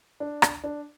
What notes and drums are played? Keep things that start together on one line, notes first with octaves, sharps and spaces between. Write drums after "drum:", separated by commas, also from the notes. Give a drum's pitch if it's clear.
D4
drum: rim click
D4